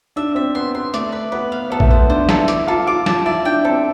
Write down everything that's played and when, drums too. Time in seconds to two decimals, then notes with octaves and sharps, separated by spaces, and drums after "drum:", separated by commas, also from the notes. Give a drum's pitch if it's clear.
0.16 D4 E5
0.35 C4 E5
0.55 B3 C6
0.75 B3 C6
0.94 A3 D5, drum: hi-hat
1.12 B4
1.32 B3 B4
1.52 F5
1.70 B3 A4
1.80 A3, drum: kick A#1
1.90 B3 C5
2.09 D4 C5
2.29 E4 A4, drum: snare
2.48 D6, drum: hi-hat
2.67 F4 A4
2.87 F4 D6
3.06 A5, drum: snare
3.26 E4 D5
3.45 D4 G5
3.64 C4 A4